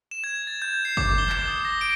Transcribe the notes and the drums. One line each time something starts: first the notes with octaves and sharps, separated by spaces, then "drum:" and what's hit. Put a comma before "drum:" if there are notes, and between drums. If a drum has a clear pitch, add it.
E7
G#6
A6
G6
C7
D6, drum: kick
G7
drum: clap
D#6
A#6
D7